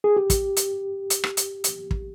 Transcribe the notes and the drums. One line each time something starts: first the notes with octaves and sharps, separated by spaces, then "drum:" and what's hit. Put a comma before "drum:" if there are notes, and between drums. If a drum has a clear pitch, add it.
G#4
G4
drum: kick, hi-hat
drum: hi-hat
drum: hi-hat
drum: rim click
drum: hi-hat
drum: hi-hat
drum: kick